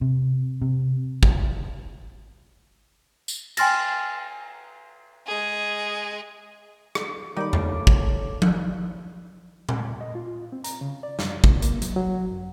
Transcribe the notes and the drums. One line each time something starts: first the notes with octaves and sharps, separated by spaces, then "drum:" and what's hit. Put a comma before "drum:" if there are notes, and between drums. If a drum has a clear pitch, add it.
C3
C3
drum: kick
drum: tambourine
G5 G#5 C6 F6 A6 A#6, drum: cymbal
G#3 G#4
drum: rim click
D#3 G3 A#3 D#4 A4 C#5 B5 D6
drum: tom E2
drum: kick
drum: tom F3
drum: tom A#2
D#5
F4
C4
A#5, drum: hi-hat
C#3
D5
F#2, drum: snare
B2, drum: kick
A#3, drum: hi-hat
F#3, drum: hi-hat
F#3
F#2